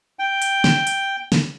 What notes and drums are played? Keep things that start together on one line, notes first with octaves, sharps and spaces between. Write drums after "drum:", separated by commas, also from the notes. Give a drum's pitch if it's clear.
G5
drum: hi-hat
drum: snare
drum: hi-hat
drum: snare